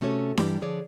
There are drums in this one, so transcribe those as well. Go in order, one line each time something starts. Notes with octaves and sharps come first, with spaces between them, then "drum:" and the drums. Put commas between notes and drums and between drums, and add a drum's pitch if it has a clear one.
C3 A3 C#4 F#4 A4 C#5
G2 E3 G3 E4 G4 D5, drum: snare D4
D3 F3 G#4 C#5 D5